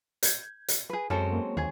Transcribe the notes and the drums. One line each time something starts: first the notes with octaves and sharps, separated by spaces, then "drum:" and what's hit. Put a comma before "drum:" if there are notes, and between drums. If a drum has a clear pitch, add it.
G6 G#6, drum: hi-hat
drum: hi-hat
G#4 B4
F#2 F#3 G#3 C4 C#4 A4
A#3
D#2 D#3 G#4 G#6